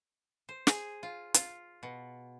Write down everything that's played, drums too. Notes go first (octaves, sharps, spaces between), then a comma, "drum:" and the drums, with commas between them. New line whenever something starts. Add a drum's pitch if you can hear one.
C5
G#4, drum: snare
F4
F4, drum: hi-hat
B2